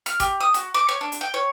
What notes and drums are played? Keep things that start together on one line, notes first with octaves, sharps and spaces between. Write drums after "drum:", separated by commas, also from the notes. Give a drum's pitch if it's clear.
F6, drum: hi-hat
G4, drum: kick, hi-hat
D#6
F#4, drum: hi-hat
D6
C#5
D4
drum: hi-hat
G5
C#5